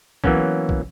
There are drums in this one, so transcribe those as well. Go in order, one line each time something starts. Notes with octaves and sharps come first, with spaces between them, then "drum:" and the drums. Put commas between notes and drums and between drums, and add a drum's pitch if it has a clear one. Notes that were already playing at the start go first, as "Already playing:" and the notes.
E3 F#3 A#3 B3 C#4, drum: kick
drum: kick